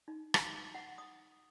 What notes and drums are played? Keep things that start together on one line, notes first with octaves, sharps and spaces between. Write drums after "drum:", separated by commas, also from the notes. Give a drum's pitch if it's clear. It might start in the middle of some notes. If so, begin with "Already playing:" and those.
D#4
drum: rim click
F#5
D#6